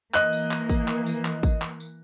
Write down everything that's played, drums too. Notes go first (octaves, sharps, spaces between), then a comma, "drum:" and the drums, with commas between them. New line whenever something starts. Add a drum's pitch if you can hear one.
E3 A#3 D#5 F#6, drum: clap
drum: tambourine
drum: clap
drum: kick, tambourine
drum: clap
drum: tambourine
drum: clap
drum: kick, tambourine
drum: clap
drum: tambourine